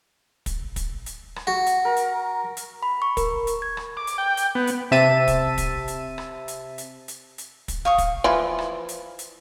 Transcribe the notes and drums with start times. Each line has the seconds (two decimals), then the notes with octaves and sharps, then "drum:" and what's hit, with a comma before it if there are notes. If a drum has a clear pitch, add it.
0.46 drum: kick, hi-hat
0.76 drum: kick, hi-hat
1.06 drum: hi-hat
1.36 drum: rim click
1.47 F#4
1.66 drum: hi-hat
1.85 A#4
1.97 drum: hi-hat
2.57 drum: hi-hat
2.83 B5
3.02 C#6
3.17 A#4, drum: kick, hi-hat
3.47 drum: hi-hat
3.62 G#6
3.77 drum: rim click
3.97 D6
4.07 drum: hi-hat
4.18 G5
4.37 drum: hi-hat
4.55 B3
4.67 drum: hi-hat
4.92 C3 E5 A5 D#7
5.28 drum: kick, hi-hat
5.58 drum: kick, hi-hat
5.88 drum: hi-hat
6.18 drum: rim click
6.48 drum: hi-hat
6.78 drum: hi-hat
7.08 drum: hi-hat
7.38 drum: hi-hat
7.68 drum: kick, hi-hat
7.85 F5 C#6 D#6
7.98 drum: kick, hi-hat
8.24 E3 F3
8.59 drum: rim click
8.89 drum: hi-hat
9.19 drum: hi-hat